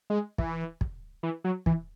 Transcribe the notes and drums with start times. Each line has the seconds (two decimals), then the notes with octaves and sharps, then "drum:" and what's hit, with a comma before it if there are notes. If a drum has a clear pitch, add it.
0.10 G#3
0.38 E3, drum: kick
0.81 drum: kick
1.23 E3
1.44 F#3
1.66 E3, drum: kick